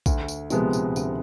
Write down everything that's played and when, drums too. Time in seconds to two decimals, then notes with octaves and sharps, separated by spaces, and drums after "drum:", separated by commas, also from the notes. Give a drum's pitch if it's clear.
0.06 D2, drum: kick A#1, tambourine
0.28 drum: tambourine
0.50 C3 F3 G#3 B3, drum: tambourine
0.73 drum: tambourine
0.96 D2, drum: tambourine